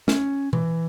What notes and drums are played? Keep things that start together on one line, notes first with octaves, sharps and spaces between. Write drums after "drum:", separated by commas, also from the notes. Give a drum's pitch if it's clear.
C#4, drum: snare
E3, drum: tom B2